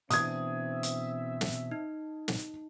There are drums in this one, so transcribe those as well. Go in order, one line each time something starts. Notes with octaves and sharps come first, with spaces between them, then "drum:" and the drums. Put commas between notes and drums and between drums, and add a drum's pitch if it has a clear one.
B2 E3 C4 D4 E5 D#6 G#6, drum: hi-hat
drum: hi-hat
drum: snare
D#4
drum: snare